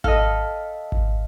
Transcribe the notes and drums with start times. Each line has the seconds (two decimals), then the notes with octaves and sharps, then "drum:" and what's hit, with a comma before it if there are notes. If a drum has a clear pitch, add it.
0.04 A4 D#5 F5 F6, drum: kick G#1
0.92 drum: kick G#1